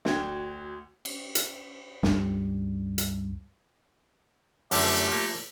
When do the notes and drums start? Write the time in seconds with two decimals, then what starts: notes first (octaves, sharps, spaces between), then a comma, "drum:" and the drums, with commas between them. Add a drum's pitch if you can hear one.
0.05 D2 F#4 G5 G#6, drum: snare
1.05 drum: cymbal
1.35 drum: hi-hat
2.03 C#2 G2 G3, drum: snare
2.98 drum: hi-hat
4.71 F#2 D3 F3 A3 G4, drum: open hi-hat
5.08 F3 A#3